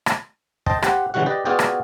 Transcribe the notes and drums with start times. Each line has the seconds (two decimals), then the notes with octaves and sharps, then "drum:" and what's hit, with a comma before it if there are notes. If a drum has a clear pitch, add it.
0.06 drum: rim click
0.66 C5 D#5 G5 A5, drum: kick
0.82 G4 C5 F#5, drum: rim click
1.14 C#3 E3 G3 F#4 F#5
1.26 G4 B4 D5 D#5
1.45 B3 F4 F#4 G#4 D5 G5
1.59 drum: rim click